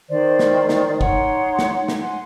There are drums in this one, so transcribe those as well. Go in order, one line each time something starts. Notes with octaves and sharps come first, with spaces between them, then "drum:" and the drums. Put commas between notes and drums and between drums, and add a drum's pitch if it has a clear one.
D#3 C5 D5
drum: snare
drum: snare
D#4 C#5 F#5 C6, drum: kick
drum: snare
drum: snare
F#5 G#5 C6